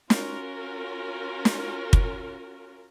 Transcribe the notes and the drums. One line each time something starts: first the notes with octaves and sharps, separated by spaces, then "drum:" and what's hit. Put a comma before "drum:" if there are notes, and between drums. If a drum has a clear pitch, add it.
C#4 F4 F#4 A#4, drum: snare
drum: snare
drum: kick